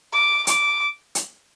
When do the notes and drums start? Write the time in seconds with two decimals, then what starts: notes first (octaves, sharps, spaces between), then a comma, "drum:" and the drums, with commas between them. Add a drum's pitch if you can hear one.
0.12 D6
0.47 D6, drum: hi-hat
1.15 drum: hi-hat